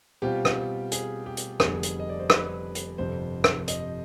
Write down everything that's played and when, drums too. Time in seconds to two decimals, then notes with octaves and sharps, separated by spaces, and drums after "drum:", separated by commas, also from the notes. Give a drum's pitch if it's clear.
0.22 B2 G3 C4 F4 G4
0.45 drum: rim click
0.92 G#4, drum: hi-hat
1.26 G4
1.37 drum: hi-hat
1.60 F1 F2 D3 G3 B3 G#4, drum: rim click
1.83 drum: hi-hat
1.99 D#5
2.10 D5
2.19 C5
2.30 B4, drum: rim click
2.75 drum: hi-hat
2.98 G1 F2 C3 G3 C5
3.44 drum: rim click
3.68 D#5, drum: hi-hat